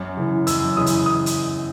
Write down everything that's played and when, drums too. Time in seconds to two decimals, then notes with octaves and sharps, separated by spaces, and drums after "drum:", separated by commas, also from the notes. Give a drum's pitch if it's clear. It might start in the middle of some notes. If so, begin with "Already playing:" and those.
Already playing: F#2
0.17 C#3 E3
0.47 F#2 E6, drum: hi-hat
0.77 C#3 E3 D#6
0.86 drum: hi-hat
1.06 D#6
1.26 drum: hi-hat